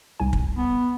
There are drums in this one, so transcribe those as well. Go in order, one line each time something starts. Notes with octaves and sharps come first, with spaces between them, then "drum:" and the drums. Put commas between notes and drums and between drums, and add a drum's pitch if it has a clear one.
C2 G#2 G#5
drum: kick
B3